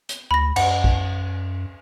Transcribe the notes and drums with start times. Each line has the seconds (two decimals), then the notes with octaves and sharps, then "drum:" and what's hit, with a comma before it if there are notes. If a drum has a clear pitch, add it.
0.09 drum: hi-hat
0.31 D2 B5 A#6
0.56 F#2 F#5, drum: cymbal
0.84 drum: kick A#1